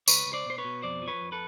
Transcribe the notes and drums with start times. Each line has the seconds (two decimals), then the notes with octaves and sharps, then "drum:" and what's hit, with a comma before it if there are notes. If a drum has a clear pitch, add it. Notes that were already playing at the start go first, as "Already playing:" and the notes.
0.08 C#2 B4 C#5, drum: tambourine
0.26 C#2
0.33 C5 D5
0.46 B2 C5
0.58 B4 C#5
0.64 B2
0.82 F2 C5 D5
1.02 F3
1.08 B4 C#5
1.21 F2
1.32 A4 B4